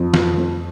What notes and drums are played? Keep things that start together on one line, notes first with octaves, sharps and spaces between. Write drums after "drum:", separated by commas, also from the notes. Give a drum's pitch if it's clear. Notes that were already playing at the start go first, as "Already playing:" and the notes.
Already playing: F2
F3, drum: snare
F2